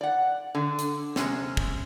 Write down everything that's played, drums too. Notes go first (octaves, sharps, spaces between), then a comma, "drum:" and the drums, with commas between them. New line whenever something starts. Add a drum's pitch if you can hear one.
D5 F#5
D3
drum: hi-hat
C3 G#3 C#4, drum: snare
drum: kick